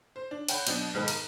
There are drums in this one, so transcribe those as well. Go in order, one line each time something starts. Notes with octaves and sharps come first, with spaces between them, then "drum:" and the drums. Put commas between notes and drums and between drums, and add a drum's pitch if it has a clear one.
C5
D4
C#5 F#5 G5 B5 G6, drum: cymbal
B2 F#3 B3 D4, drum: cymbal
B1 G#2 D#3 G#3 B4 B5
A#4 D#7, drum: cymbal